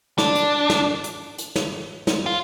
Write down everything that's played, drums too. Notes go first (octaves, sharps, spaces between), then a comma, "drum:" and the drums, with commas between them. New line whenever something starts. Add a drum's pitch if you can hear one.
D4, drum: snare
drum: hi-hat
drum: snare
drum: hi-hat
drum: hi-hat
drum: snare
drum: snare
F4